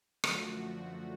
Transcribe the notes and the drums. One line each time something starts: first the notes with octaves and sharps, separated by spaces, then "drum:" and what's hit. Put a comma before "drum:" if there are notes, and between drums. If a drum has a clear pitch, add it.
F#2 D3 F3 A3 F#4, drum: rim click